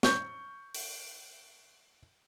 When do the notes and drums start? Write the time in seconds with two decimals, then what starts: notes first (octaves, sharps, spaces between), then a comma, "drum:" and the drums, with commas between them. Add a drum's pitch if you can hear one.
0.03 C#6 G6, drum: snare
0.75 drum: open hi-hat